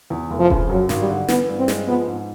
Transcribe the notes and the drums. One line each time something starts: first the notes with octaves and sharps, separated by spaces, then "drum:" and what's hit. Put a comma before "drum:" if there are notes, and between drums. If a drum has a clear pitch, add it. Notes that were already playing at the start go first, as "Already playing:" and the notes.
E2
F1
F3
C#3, drum: kick E1
F#2 F#3
G#1, drum: snare
G3
D3
E3 B3, drum: snare
G2
C4
G#3, drum: snare
F3 B3
G#2